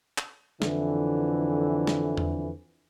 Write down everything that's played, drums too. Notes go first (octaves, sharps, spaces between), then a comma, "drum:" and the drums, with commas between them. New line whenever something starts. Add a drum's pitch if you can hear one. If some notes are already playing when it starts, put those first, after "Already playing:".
drum: clap
F2 D3 E3, drum: snare
drum: snare
drum: tom E2